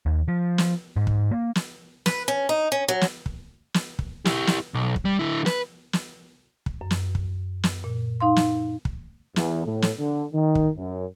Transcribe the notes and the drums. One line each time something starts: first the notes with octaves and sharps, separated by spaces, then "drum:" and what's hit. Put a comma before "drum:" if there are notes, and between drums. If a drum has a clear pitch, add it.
D#2
F3
drum: snare
G#2
drum: kick
A#3
drum: snare
B4, drum: snare
C#4
D#4
C#4
F#3
drum: snare
drum: kick
drum: snare
drum: kick
E4 G4, drum: snare
drum: snare
B1
drum: kick
G3
D3 E4
B4, drum: snare
drum: snare
drum: kick
F#2
drum: snare
drum: kick
drum: snare
A#2
D#4 F5 C6
drum: snare
drum: kick
E2, drum: snare
A2
drum: snare
D3
D#3
drum: kick
F#2